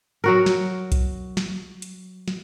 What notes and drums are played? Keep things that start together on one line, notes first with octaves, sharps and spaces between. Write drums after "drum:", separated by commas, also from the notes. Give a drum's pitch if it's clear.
F#3 F#4 A#4
drum: snare
drum: kick B1, hi-hat
drum: snare
drum: hi-hat
drum: snare